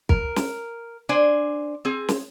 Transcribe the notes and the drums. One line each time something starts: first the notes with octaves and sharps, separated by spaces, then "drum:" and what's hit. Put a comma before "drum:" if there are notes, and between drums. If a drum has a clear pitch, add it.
A#4, drum: kick
drum: snare
D4 C5 G#5
C4 G#4
drum: snare